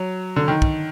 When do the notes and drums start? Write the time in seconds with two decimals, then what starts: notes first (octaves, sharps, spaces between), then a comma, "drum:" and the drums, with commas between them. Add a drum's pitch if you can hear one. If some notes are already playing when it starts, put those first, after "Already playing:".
Already playing: F#3
0.36 D3
0.48 D#3
0.62 drum: kick